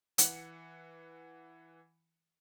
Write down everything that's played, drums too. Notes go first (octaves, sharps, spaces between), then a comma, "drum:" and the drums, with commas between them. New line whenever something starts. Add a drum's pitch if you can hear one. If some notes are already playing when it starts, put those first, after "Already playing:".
E3 F#5 C#7, drum: hi-hat